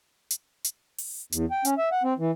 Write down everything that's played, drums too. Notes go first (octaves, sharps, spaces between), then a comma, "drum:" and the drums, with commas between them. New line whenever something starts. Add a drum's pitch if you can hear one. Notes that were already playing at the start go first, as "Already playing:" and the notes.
drum: hi-hat
drum: hi-hat
drum: open hi-hat
E2, drum: hi-hat
G5
C#4, drum: hi-hat
E5
F#5
C4
E3